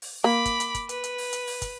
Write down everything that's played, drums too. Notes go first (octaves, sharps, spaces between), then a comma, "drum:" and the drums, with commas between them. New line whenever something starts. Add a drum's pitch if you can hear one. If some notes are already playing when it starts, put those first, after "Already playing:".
drum: open hi-hat
A#3 B5 D6
drum: kick, hi-hat
drum: hi-hat
drum: kick, hi-hat
B4, drum: hi-hat
drum: hi-hat
drum: open hi-hat
drum: hi-hat
drum: open hi-hat
drum: kick, hi-hat